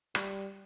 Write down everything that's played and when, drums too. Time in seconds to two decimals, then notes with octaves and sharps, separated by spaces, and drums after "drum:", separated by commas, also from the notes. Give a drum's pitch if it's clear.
0.15 G3, drum: rim click